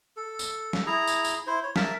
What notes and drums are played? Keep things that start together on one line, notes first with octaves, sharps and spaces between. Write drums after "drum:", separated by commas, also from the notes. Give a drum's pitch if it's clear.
A4
drum: tambourine
drum: snare
E4 G#4 A#5
drum: tambourine
drum: tambourine
E4 C5
C#5
A#4 E5 A5, drum: snare